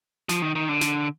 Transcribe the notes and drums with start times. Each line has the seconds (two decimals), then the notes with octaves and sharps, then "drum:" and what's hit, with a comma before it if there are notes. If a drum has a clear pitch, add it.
0.29 F3, drum: snare
0.42 D#3
0.55 D#3
0.69 D3
0.81 drum: snare